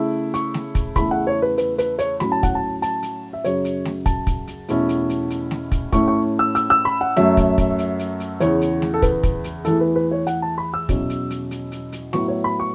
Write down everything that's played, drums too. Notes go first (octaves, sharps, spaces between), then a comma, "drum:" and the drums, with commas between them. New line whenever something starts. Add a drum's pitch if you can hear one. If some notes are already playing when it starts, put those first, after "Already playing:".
Already playing: C#3 A3 E4
C#6, drum: hi-hat
drum: snare A3
drum: kick, hi-hat
E2 C#3 A3 E4 B5, drum: kick, hi-hat
F#5
C#5
B4
B4, drum: hi-hat
B4, drum: hi-hat
C#5, drum: hi-hat
A2 F#3 C#4 B5, drum: snare A3
A5
F#5, drum: kick, hi-hat
A5
A5, drum: hi-hat
drum: hi-hat
E5
F#2 C#3 F#3 C#5, drum: hi-hat
drum: hi-hat
drum: snare A3
A5, drum: kick, hi-hat
drum: kick, hi-hat
drum: hi-hat
E2 B2 A3 C#4 E4, drum: hi-hat
drum: hi-hat
drum: hi-hat
drum: hi-hat
drum: snare A3
drum: kick, hi-hat
A2 A3 C#4 E4 C#6, drum: kick, hi-hat
C#6
E6
E6, drum: hi-hat
E6
B5
F#5
F#2 F#3 A3 E5, drum: snare A3
drum: kick, hi-hat
drum: kick, hi-hat
drum: hi-hat
drum: hi-hat
drum: hi-hat
E2 C#3 E3 C#5, drum: hi-hat
drum: hi-hat
drum: snare A3
A4
B4, drum: kick, hi-hat
drum: kick, hi-hat
drum: hi-hat
E2 E3 A3 E4 A4, drum: hi-hat
B4
B4
C#5
F#5, drum: hi-hat
A5
B5
E6
E2 B2 F#3 C#4 E4, drum: kick, hi-hat
drum: hi-hat
drum: hi-hat
drum: hi-hat
drum: hi-hat
drum: hi-hat
A2 F#3 B3 E4 C#6, drum: snare A3
C#5
B5
C#6